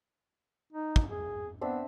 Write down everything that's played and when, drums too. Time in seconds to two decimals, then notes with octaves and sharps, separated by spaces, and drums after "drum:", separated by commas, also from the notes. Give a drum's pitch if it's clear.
0.73 D#4
0.96 drum: kick
1.09 G#4
1.61 B3 C4 D4 E5